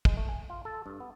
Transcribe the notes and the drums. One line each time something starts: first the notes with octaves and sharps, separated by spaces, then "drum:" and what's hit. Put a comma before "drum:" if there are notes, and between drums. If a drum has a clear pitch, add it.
G#3, drum: kick
A3
G#5
F4
A4
G2
B3